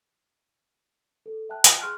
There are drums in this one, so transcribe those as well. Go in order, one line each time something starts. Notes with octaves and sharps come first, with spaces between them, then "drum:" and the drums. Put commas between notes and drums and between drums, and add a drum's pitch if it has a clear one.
A4
E5 G5 A5 F#6
F5, drum: hi-hat
G#4 C6 C#6 F6 F#6